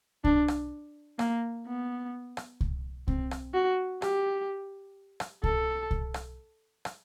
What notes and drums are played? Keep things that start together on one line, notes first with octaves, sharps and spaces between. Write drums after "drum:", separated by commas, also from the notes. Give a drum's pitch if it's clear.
D4, drum: kick C2
drum: rim click
A#3, drum: rim click
B3
drum: rim click
drum: kick C2
C4, drum: kick C2
drum: rim click
F#4
G4, drum: rim click
drum: rim click
A4, drum: kick C2
drum: kick C2
drum: rim click
drum: rim click